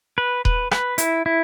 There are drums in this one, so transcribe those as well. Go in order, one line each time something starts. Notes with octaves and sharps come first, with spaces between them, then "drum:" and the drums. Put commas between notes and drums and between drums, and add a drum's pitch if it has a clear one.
B4
B4, drum: kick D#1
B4, drum: rim click
E4, drum: hi-hat
E4